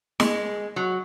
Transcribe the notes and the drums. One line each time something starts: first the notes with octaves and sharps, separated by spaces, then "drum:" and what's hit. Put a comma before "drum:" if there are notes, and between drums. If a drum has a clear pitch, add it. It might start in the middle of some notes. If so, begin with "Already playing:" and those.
G#3, drum: snare
F#3